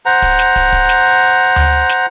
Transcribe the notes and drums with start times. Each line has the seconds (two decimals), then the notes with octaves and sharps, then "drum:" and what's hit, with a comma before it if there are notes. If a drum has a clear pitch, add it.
0.06 C5 F#5 A#5
0.22 drum: kick
0.39 drum: snare
0.56 drum: kick
0.72 drum: kick
0.89 drum: snare
1.56 drum: tom D2
1.90 drum: snare